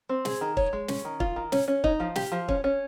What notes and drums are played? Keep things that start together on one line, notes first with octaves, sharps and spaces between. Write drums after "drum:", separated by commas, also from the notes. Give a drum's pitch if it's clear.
C4
G#4, drum: snare
D#3
C#5, drum: kick
G#3
C#4, drum: snare
D#3
F4, drum: kick
D#3
C#4, drum: snare
C#4
D#4, drum: kick
F3
G4, drum: snare
F3
C#4, drum: kick
C#4